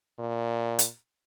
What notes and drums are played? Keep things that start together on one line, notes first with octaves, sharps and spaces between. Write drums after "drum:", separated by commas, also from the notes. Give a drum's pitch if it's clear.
A#2
drum: hi-hat